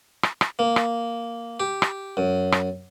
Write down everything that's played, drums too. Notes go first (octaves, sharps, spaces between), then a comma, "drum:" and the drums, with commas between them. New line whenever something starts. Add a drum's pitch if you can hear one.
drum: rim click
drum: rim click
A#3
drum: rim click
G4
drum: rim click
F#2
drum: rim click